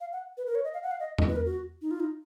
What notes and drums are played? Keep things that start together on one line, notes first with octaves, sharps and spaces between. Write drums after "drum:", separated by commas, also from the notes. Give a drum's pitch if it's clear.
F5
F#5
B4
A#4
C#5
D#5
F5
F#5
F5
D#5
D#5, drum: tom E2
B4
A#4
F#4
D#4
F4
D#4